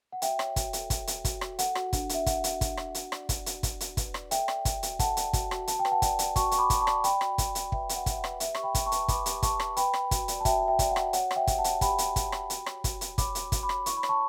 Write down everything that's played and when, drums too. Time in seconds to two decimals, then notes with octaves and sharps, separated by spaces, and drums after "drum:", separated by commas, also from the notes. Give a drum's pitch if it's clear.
0.12 F#5
0.22 F#4 E5 G5, drum: hi-hat
0.39 C#5, drum: rim click
0.56 F#4, drum: kick, hi-hat
0.73 A4, drum: hi-hat
0.90 F#4, drum: kick, hi-hat
1.07 F#4, drum: hi-hat
1.25 F#4, drum: kick, hi-hat
1.41 F#4, drum: rim click
1.59 A4 F#5, drum: hi-hat
1.75 F#4, drum: rim click
1.93 D4, drum: kick, hi-hat
2.09 D4 E5, drum: hi-hat
2.26 F#4 F#5, drum: kick, hi-hat
2.44 F#4, drum: hi-hat
2.61 D4, drum: kick, hi-hat
2.77 D4, drum: rim click
2.95 F#4, drum: hi-hat
3.12 D5, drum: rim click
3.29 F#4, drum: kick, hi-hat
3.46 F#4, drum: hi-hat
3.63 F#4, drum: kick, hi-hat
3.80 F#4, drum: hi-hat
3.97 B4, drum: kick, hi-hat
4.14 D5, drum: rim click
4.31 A4 E5 G5, drum: hi-hat
4.48 D5, drum: rim click
4.65 F#4, drum: kick, hi-hat
4.83 F#4, drum: hi-hat
4.99 A4 F#5 A5, drum: kick, hi-hat
5.17 D5, drum: hi-hat
5.33 F#4, drum: kick, hi-hat
5.51 F#4, drum: rim click
5.67 F#4 A5, drum: hi-hat
5.79 G5
5.85 B4, drum: rim click
5.91 F#5 A5
6.02 D5, drum: kick, hi-hat
6.19 D5, drum: hi-hat
6.36 F#4 A5 C#6, drum: kick, hi-hat
6.51 F#4 C#6, drum: hi-hat
6.58 B5 D6
6.70 F#4, drum: kick, hi-hat
6.81 A5 C#6
6.87 D5, drum: rim click
7.04 D5 G5 B5, drum: hi-hat
7.21 F#4, drum: rim click
7.38 F#4, drum: kick, hi-hat
7.55 D5, drum: hi-hat
7.72 B4 E5 G5, drum: kick
7.89 F#4, drum: hi-hat
7.95 F#5
8.06 F#4 E5, drum: kick, hi-hat
8.18 F#5
8.24 B4, drum: rim click
8.40 G4 E5, drum: hi-hat
8.55 G4 C#6, drum: rim click
8.63 G5 B5
8.75 G4, drum: kick, hi-hat
8.86 A5 C#6
8.92 B4, drum: hi-hat
9.03 C#6
9.08 B4 B5 D6, drum: kick, hi-hat
9.26 G4, drum: hi-hat
9.43 G4 A5 C#6, drum: kick, hi-hat
9.60 B4, drum: rim click
9.77 B4 G5 B5, drum: hi-hat
9.94 B4, drum: rim click
10.11 F#4, drum: kick, hi-hat
10.28 D5, drum: hi-hat
10.41 A5
10.45 F#4 E5 G5, drum: kick, hi-hat
10.59 F#4 A5
10.68 E5 G5
10.79 D5, drum: kick, hi-hat
10.91 F#5
10.96 F#4, drum: rim click
11.13 C#5 F#5, drum: hi-hat
11.31 C#5, drum: rim click
11.36 E5 G5
11.47 G4, drum: kick, hi-hat
11.59 F#5 A5
11.64 C#5, drum: hi-hat
11.81 G4 G5 B5, drum: kick, hi-hat
11.98 G4, drum: hi-hat
12.16 G4, drum: kick, hi-hat
12.32 G4, drum: rim click
12.50 F#4, drum: hi-hat
12.66 C#5, drum: rim click
12.84 F#4, drum: kick, hi-hat
13.01 F#4, drum: hi-hat
13.18 C#5 B5 D6, drum: kick, hi-hat
13.35 F#4, drum: hi-hat
13.52 F#4, drum: kick, hi-hat
13.63 B5 D6
13.69 C#5, drum: rim click
13.86 E4 C#6, drum: hi-hat
13.97 B5
14.03 C#5, drum: rim click
14.09 A5 C#6